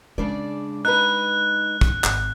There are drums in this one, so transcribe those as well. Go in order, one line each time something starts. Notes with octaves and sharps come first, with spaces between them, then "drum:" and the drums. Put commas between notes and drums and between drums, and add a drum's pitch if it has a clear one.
C#3 G#3 D4 D5
D#4 B4 F#6
drum: kick
G#1, drum: clap